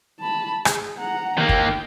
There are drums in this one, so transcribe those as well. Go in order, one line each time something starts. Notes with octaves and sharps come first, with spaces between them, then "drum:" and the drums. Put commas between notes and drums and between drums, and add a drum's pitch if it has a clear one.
A5 B5
G#4, drum: rim click
F#5 A#5
D#3 A#3 G5
drum: kick